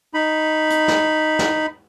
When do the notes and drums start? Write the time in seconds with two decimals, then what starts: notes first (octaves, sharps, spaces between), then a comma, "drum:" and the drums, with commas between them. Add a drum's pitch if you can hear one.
0.14 D#4 B5
0.70 drum: hi-hat
0.88 drum: snare
1.39 drum: snare